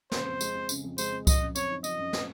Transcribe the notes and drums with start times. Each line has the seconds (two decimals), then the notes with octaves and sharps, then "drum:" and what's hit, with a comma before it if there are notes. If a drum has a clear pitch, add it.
0.12 C#3 C5, drum: snare
0.26 F2
0.41 G#3, drum: tambourine
0.55 C4
0.69 C#3, drum: tambourine
0.84 F2
0.98 G#3 C5, drum: tambourine
1.12 C4
1.27 F3 D#5, drum: kick C2, tambourine
1.41 F#2
1.56 C4 C#5, drum: tambourine
1.70 D#4
1.84 F3 D#5, drum: tambourine
1.99 F#2
2.13 C4, drum: snare